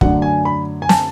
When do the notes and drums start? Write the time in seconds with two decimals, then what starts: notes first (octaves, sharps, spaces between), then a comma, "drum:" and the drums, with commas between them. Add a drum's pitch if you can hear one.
0.01 F#2 D3 F#3 A3 D4 F#5, drum: kick
0.22 G#5
0.45 B5
0.82 G#5
0.89 A5, drum: snare